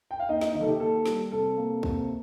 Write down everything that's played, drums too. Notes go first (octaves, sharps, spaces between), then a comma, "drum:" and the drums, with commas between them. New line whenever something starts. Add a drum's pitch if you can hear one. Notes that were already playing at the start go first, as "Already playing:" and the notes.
G5
F5
A#3 D#4 D#5
D#4 D#5, drum: snare
D#3 D#4 D#5
A4, drum: tom
G4
A#3 A4
G3, drum: snare
C3 A4
A#3
C3, drum: kick